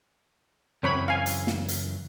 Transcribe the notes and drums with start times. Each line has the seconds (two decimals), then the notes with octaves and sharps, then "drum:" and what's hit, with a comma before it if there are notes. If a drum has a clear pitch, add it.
0.83 F#2 C#3 E3 C4 C#5 B5
1.08 F5 G#5
1.26 drum: hi-hat
1.47 drum: snare
1.68 drum: hi-hat